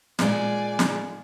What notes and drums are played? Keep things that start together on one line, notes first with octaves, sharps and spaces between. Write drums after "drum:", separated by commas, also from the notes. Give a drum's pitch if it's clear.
A#2 G#3 D5 G#5, drum: snare
drum: snare